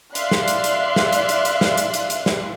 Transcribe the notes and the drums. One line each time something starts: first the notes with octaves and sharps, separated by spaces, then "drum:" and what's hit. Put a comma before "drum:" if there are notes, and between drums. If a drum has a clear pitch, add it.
D5 E5 F5 C6 F#6 C7, drum: hi-hat
drum: snare
drum: hi-hat
drum: hi-hat
drum: snare
drum: hi-hat
drum: hi-hat
drum: hi-hat
drum: snare
drum: hi-hat
drum: hi-hat
drum: hi-hat
drum: snare